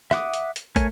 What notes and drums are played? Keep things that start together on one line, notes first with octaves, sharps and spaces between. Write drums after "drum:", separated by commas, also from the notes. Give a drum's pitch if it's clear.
E5 F#5 D6 D#6, drum: rim click
drum: hi-hat
drum: hi-hat
A3 A#4 C#5 G#5, drum: kick, hi-hat